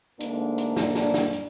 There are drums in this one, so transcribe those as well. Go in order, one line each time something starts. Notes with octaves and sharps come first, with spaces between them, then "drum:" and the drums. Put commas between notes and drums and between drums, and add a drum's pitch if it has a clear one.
D2 G#2 A#3 D4, drum: hi-hat
drum: hi-hat
drum: snare
drum: snare
drum: snare
drum: hi-hat